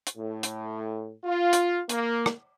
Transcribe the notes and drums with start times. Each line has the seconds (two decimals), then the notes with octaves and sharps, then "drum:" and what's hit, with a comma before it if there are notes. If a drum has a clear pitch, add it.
0.07 drum: hi-hat
0.17 A2
0.43 drum: hi-hat
1.24 F4
1.53 drum: hi-hat
1.89 A#3, drum: hi-hat
2.26 drum: rim click